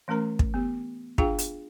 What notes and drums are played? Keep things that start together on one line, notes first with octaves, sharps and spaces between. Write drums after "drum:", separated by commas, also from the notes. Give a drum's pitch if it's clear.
E3 A3 C#4 A#4 A#5
drum: kick
B3 G4
D4 F4 G#4 F5 G5, drum: kick
drum: hi-hat